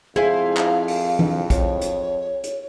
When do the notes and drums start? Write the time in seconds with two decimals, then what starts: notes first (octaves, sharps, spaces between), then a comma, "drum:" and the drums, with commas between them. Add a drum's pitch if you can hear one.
0.16 F2 E4 G#4 C5 F5 G#5
0.57 drum: clap
0.88 drum: open hi-hat
1.19 drum: tom E3
1.50 C#5, drum: kick, hi-hat
1.81 drum: hi-hat
2.44 drum: hi-hat